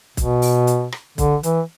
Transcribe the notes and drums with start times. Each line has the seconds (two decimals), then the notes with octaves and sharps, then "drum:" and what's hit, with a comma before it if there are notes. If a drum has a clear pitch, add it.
0.17 B2, drum: kick, hi-hat
0.42 drum: open hi-hat
0.67 drum: hi-hat
0.92 drum: rim click
1.18 D3, drum: kick, hi-hat
1.43 E3, drum: hi-hat